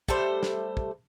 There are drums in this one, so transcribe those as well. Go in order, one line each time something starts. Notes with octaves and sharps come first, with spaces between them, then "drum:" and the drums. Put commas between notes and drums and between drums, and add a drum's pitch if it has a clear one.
G3 A3 A4 C5, drum: kick
drum: snare
drum: kick